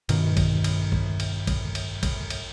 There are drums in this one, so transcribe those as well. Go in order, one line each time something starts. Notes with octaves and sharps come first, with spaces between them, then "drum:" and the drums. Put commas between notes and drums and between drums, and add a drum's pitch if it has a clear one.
G2 B2 D#3, drum: cymbal
drum: kick A#1, cymbal
drum: cymbal
drum: kick A#1
drum: cymbal
drum: kick A#1, cymbal
drum: cymbal
drum: kick A#1, cymbal
drum: cymbal